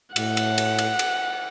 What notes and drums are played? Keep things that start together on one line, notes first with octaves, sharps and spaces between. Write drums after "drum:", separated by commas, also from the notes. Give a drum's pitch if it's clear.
A2 F#5, drum: cymbal
drum: cymbal
drum: cymbal
drum: cymbal
drum: cymbal